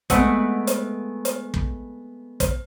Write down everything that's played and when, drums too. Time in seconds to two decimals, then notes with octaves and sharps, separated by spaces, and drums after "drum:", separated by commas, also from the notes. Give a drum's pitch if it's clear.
0.10 G#3 A3 B3 C4 F#5, drum: kick, hi-hat
0.67 drum: hi-hat
1.25 drum: hi-hat
1.54 drum: kick
2.40 drum: kick, hi-hat